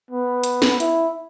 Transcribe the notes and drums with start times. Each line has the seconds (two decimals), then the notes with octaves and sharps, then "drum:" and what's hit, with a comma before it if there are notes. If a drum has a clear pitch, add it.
0.11 B3
0.43 drum: hi-hat
0.62 drum: snare
0.80 E4, drum: hi-hat